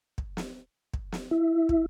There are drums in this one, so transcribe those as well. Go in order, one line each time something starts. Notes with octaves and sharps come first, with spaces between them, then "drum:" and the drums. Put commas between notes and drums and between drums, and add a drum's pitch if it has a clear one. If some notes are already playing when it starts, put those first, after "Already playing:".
drum: kick
drum: snare
drum: kick
drum: snare
E4
drum: kick